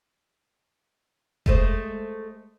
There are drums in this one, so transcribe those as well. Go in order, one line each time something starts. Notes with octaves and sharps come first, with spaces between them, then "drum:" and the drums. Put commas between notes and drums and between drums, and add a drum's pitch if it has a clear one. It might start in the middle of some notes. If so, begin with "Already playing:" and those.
G#3 A3 C5, drum: kick F1